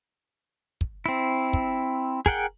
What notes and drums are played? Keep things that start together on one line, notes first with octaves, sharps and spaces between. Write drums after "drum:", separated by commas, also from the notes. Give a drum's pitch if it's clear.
drum: kick
C4 E4
drum: kick
G#4 A#4 F#5 G5, drum: kick